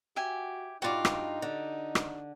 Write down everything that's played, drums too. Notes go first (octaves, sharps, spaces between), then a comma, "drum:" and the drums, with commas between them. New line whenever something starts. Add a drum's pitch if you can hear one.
F#4 G4 E5 G#5
G2 D#4 F4 F#4 D5 D6
drum: rim click
D3
drum: rim click